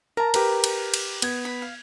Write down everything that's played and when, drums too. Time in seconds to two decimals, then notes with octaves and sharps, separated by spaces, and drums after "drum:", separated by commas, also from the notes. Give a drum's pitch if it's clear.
0.17 A#4 A5 A#5
0.34 G4 A#4 B4, drum: cymbal
0.64 drum: cymbal
0.94 drum: cymbal
1.22 B3 G#6, drum: cymbal
1.45 B5
1.62 F5